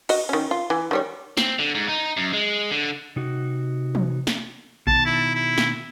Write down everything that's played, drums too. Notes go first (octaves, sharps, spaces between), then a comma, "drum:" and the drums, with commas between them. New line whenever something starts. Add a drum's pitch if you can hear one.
F#4 D#5, drum: cymbal
D#3 C#4
F4
E3
D#3 G3 C#5
C4, drum: snare
D3
G#2
D#4
F#2
G#3
D3
C3 D#4 F#4
drum: tom E3
drum: snare
B2 D#3 A5, drum: kick A#1
E4
E4
drum: snare